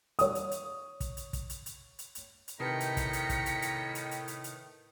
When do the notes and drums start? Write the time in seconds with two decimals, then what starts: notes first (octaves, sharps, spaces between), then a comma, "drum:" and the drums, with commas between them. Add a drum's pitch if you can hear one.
0.19 C#5 D#6, drum: hi-hat
0.35 drum: hi-hat
0.51 drum: hi-hat
1.00 drum: kick, hi-hat
1.17 drum: hi-hat
1.33 drum: kick, hi-hat
1.50 drum: hi-hat
1.66 drum: hi-hat
1.99 drum: hi-hat
2.15 drum: hi-hat
2.48 drum: hi-hat
2.60 A2 C3 D#3 B4 A#5 G6 B6 C#7
2.80 drum: hi-hat
2.97 drum: kick, hi-hat
3.13 drum: hi-hat
3.29 drum: kick, hi-hat
3.46 drum: hi-hat
3.62 drum: hi-hat
3.95 drum: hi-hat
4.11 drum: hi-hat
4.28 drum: hi-hat
4.44 drum: hi-hat